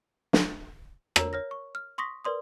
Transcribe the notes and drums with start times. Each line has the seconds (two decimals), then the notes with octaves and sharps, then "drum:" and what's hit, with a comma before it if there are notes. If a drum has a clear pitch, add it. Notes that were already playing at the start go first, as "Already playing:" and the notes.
0.33 drum: snare
1.16 A#4 C#5 A#5 E6, drum: rim click
1.33 C#5 F6 A#6
1.51 C#6
1.75 F6
1.98 C6 C#6 D#6 A#6 B6
2.25 A#4 B4 D5 C6 D#6